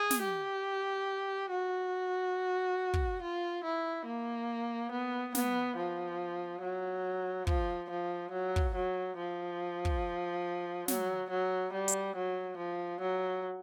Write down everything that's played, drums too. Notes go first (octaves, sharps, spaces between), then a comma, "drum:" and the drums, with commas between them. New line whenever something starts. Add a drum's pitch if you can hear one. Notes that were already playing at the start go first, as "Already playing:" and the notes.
Already playing: G#4
drum: snare
G4
F#4
drum: kick
F4
E4
A#3
B3
B3, drum: snare
F3
F#3
F3, drum: kick
F3
F#3
drum: kick
F#3
F3
drum: kick
F#3, drum: snare
F#3
G3
drum: hi-hat
F#3
F3
F#3